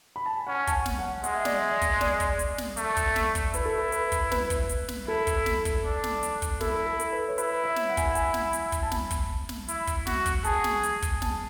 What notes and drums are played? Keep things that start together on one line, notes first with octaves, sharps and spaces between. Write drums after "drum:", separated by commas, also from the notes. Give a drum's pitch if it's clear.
B5
A5
G#5
C#4 F#5
A5, drum: kick, hi-hat
G#5
drum: snare
F#5
G#3 F#5, drum: hi-hat
E5
D5, drum: snare
E5
drum: kick, hi-hat
D5, drum: snare
drum: kick, hi-hat
drum: hi-hat
drum: snare
A3, drum: hi-hat
drum: kick, hi-hat
drum: snare
drum: kick, hi-hat
E4 B4, drum: hi-hat
A4
B4
B4, drum: hi-hat
drum: kick, hi-hat
B4, drum: snare
drum: kick, hi-hat
drum: hi-hat
drum: snare
E4 A4
drum: kick, hi-hat
drum: snare
drum: kick, hi-hat
D4
drum: snare
drum: hi-hat
drum: kick, hi-hat
E4 A4, drum: snare
A4
drum: hi-hat
B4
C#5
E4 B4, drum: hi-hat
E5
drum: snare
F#5
G#5, drum: kick, hi-hat
F#5
G#5, drum: hi-hat
drum: snare
drum: hi-hat
drum: kick, hi-hat
A5
B5, drum: snare
drum: kick, hi-hat
drum: snare
E4, drum: hi-hat
drum: kick, hi-hat
F#4, drum: snare
drum: kick, hi-hat
G#4 A5, drum: hi-hat
drum: snare
G#5, drum: hi-hat
drum: kick, hi-hat
A5, drum: snare